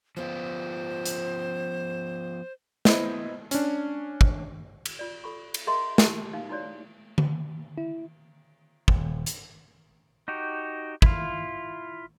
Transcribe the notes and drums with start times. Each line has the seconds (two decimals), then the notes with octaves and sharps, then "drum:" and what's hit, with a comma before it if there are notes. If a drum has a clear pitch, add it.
0.17 F3 B3 F4 C5
1.06 drum: hi-hat
2.85 B3 E4 C5 D#5, drum: snare
3.51 C#4 D4, drum: hi-hat
4.21 drum: kick
4.85 drum: cymbal
4.99 F4 D5
5.24 A4 B5 C#6
5.54 drum: cymbal
5.67 G#4 A#4 D#5 E5 A#5 C6
5.98 G4 A#4 G#5 A5, drum: snare
6.33 D#4 F5
6.49 D#4 E4 F#4 C#5 D5
7.18 drum: tom D3
7.78 E4
8.88 D#1, drum: kick
9.26 drum: hi-hat
10.28 D#4 F#4 G4
11.02 E4 F4, drum: kick